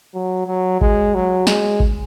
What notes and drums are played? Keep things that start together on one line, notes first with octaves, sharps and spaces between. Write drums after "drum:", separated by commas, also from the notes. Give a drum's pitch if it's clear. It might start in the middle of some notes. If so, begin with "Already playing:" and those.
F#3
F#3
G#3, drum: kick G#1
F#3
G#3, drum: snare
drum: kick G#1